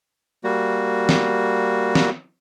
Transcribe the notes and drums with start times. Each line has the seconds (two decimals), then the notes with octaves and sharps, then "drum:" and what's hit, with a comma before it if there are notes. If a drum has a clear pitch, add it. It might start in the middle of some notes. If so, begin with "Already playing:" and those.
0.44 G3 A#3 F#4
1.09 drum: snare
1.95 drum: snare